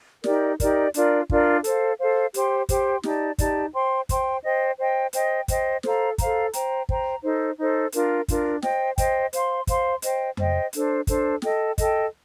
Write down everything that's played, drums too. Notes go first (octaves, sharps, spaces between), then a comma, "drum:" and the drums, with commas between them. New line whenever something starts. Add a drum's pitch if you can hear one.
D#4 G4 A#4 D5, drum: snare
D#4 G4 A#4 D5, drum: kick, hi-hat
D4 F4 A#4 D5, drum: hi-hat
D4 F4 A#4 D5, drum: kick
A4 C5 F5, drum: hi-hat
A4 C5 F5
G4 C5 G5 C6, drum: hi-hat
G4 C5 G5 C6, drum: kick, hi-hat
D#4 G4 D5 A5, drum: snare
D#4 G4 D5 A5, drum: kick, hi-hat
C5 G5 C6
C5 G5 C6, drum: kick, hi-hat
C5 D#5 G5
C5 D#5 G5
C5 D#5 G5, drum: hi-hat
C5 D#5 G5, drum: kick, hi-hat
A4 C5 F5 A#5, drum: snare
A4 C5 F5 A#5, drum: kick, hi-hat
C5 G5 A#5, drum: hi-hat
C5 G5 A#5, drum: kick
D#4 A4 C5
D#4 A4 C5
D4 F4 A#4, drum: hi-hat
D4 F4 A#4, drum: kick, hi-hat
C5 D#5 G5, drum: snare
C5 D#5 G5, drum: kick, hi-hat
C5 F5 C6, drum: hi-hat
C5 F5 C6, drum: kick, hi-hat
C5 D#5 G5, drum: hi-hat
C5 D#5 G5, drum: tom F2
D4 A4 C5, drum: hi-hat
D4 A4 C5, drum: kick, hi-hat
A4 D#5 G5, drum: snare
A4 D#5 G5, drum: kick, hi-hat